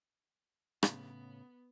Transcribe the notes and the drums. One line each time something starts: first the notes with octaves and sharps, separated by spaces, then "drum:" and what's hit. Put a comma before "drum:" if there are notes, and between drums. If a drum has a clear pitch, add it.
A2 C#3 B3, drum: rim click